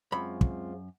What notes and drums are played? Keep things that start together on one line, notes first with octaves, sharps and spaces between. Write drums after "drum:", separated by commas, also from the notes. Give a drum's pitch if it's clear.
F#2 G#3 C4 F4 B5
drum: kick